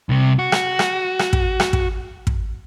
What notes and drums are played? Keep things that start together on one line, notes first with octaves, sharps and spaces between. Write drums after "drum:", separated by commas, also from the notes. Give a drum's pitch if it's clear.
C2 C3
F#4
drum: rim click
drum: rim click
drum: rim click
drum: kick
drum: rim click
drum: kick
drum: kick